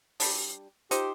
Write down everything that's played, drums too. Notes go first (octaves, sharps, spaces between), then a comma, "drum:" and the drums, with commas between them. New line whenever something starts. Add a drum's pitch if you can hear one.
G3 D4, drum: open hi-hat
D#4 F4 G4 C5, drum: hi-hat